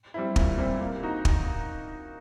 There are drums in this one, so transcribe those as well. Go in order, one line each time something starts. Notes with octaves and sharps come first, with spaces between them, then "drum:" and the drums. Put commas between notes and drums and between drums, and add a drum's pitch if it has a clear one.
G3 C4 E4
A#2, drum: kick
G3 C4 E4
A#3
D#4 F#4
drum: kick